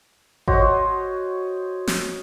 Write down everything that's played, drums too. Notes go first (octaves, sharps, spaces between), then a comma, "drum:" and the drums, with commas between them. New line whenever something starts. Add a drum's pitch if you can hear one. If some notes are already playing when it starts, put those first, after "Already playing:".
F#4 C5 C#5 D#5, drum: kick G#1
drum: snare